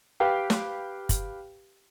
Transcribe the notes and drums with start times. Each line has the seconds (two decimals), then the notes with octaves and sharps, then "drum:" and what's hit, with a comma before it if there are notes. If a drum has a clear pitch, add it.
0.20 G4 B4 F5 G5
0.50 drum: snare
1.09 drum: kick, hi-hat